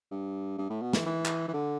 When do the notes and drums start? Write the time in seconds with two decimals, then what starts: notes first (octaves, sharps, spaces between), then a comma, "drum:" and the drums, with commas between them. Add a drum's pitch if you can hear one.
0.11 G2
0.58 G2
0.70 A2
0.82 B2
0.93 E3, drum: snare
1.06 E3
1.25 drum: clap
1.48 E3
1.54 D3